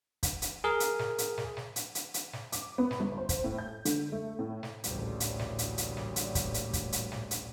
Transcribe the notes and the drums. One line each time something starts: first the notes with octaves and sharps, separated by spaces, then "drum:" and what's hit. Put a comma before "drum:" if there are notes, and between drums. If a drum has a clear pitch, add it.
drum: kick, hi-hat
drum: hi-hat
G#4 A#4
drum: hi-hat
drum: snare
drum: hi-hat
drum: snare
drum: snare
drum: hi-hat
drum: hi-hat
drum: hi-hat
drum: snare
D6, drum: hi-hat
B3
drum: snare
G1
C5
drum: kick, hi-hat
A2
G6
D3, drum: hi-hat
A3
A2
drum: snare
A1 D2 A#2 C#3 G3, drum: hi-hat
drum: hi-hat
drum: snare
drum: hi-hat
drum: hi-hat
drum: snare
drum: hi-hat
drum: kick, hi-hat
drum: hi-hat
drum: kick, hi-hat
drum: hi-hat
drum: snare
drum: hi-hat